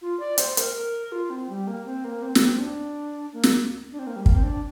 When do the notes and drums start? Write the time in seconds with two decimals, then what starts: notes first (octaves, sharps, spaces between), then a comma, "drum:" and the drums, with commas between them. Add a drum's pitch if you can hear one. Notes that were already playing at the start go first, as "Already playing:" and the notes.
0.02 F4
0.20 D5
0.38 C5, drum: hi-hat
0.57 A#4, drum: hi-hat
0.76 A#4
1.12 F4
1.30 C4
1.49 G3
1.67 A#3
1.86 C4
2.05 A#3
2.22 C4
2.35 A#3, drum: snare
2.47 C4
2.60 D4
3.33 A#3
3.43 drum: snare
3.92 D4
3.99 C4
4.07 A#3
4.16 G3
4.26 A#3, drum: kick
4.34 C4
4.43 D4